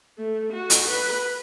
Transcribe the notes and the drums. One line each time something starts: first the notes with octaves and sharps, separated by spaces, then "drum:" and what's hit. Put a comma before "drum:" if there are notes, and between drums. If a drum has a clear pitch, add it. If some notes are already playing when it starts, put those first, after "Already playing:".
A3
F#4
drum: hi-hat
B4